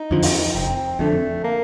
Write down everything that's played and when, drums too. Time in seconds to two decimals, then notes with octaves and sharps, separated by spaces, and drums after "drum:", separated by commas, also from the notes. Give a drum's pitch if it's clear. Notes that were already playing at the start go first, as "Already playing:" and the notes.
Already playing: D#4
0.11 F2 D3 F3
0.22 drum: open hi-hat
0.55 F1 C4
0.99 F2 D3 A3
1.44 A#3